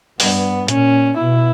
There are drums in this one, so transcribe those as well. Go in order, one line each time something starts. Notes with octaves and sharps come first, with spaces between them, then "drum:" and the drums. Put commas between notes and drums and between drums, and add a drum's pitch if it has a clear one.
G2 B3, drum: open hi-hat
A#2 C#4, drum: hi-hat
B2 E4